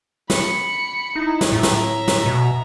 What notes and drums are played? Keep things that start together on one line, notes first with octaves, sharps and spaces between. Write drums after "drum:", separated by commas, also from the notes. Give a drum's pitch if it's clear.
B5 C#7, drum: snare
D#4 E4
drum: snare
A2 E5 A#5
drum: snare
drum: snare
B2